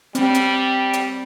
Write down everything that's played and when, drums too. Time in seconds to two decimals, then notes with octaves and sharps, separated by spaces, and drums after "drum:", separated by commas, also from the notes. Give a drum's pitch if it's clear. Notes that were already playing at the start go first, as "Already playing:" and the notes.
0.15 G3 C4, drum: hi-hat
0.34 drum: hi-hat
0.93 drum: hi-hat